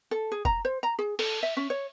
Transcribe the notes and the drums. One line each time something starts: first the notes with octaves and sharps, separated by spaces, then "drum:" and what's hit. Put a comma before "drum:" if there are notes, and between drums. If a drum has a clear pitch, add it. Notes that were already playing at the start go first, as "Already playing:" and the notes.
A4
G#4
A#5, drum: kick
C5
A#5
G#4
A4, drum: open hi-hat
E5
C#4
C#5